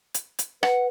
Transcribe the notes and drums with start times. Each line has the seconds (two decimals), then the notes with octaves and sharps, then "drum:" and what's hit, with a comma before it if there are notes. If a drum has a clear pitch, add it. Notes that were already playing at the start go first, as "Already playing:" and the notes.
0.14 drum: hi-hat
0.39 drum: hi-hat
0.63 B4 F#5, drum: rim click